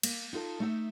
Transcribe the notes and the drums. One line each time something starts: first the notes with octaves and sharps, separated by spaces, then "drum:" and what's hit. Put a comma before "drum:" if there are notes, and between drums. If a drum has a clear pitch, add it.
A#3, drum: cymbal
D#4 F4 A4 D#5
A3 D#4 E5